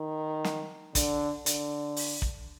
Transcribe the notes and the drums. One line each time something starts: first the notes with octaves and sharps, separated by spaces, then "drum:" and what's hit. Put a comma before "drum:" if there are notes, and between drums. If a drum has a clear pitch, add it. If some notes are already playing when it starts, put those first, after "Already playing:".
Already playing: D#3
drum: snare
D3, drum: kick, hi-hat
D3, drum: hi-hat
drum: open hi-hat
drum: kick